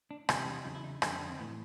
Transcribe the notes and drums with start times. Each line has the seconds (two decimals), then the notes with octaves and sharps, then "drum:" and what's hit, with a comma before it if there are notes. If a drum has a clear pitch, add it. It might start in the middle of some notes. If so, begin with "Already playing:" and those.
0.11 D4
0.29 E2 C3 E3 G3 C#4, drum: rim click
0.48 D4
0.65 E2 C#3 F#3 D#4
0.75 E4
0.84 D#4
1.02 F2 D3 G3 D#4, drum: rim click
1.12 C#4
1.20 D4
1.30 C4
1.39 A2 E3 B3